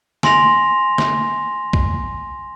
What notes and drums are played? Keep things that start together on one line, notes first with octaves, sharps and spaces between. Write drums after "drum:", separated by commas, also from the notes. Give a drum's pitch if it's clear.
G#5 C6 A#6 F7, drum: snare
drum: snare
drum: kick A#1